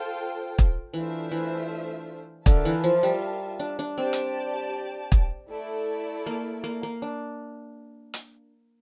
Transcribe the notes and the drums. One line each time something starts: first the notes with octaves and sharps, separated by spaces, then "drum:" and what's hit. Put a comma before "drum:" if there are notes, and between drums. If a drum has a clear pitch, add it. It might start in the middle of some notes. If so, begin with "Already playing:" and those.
Already playing: F4 A4 C5 G5
drum: kick
E3 A3 D4 F4 C5 E5
E3
D3 F4 A#4 E5 A5, drum: kick
E3
F3
G3
D4
D4
C4 G4 D5 A5
drum: hi-hat
drum: kick
A3 E4 A4 D5
A#3
A#3
A#3
D4
drum: hi-hat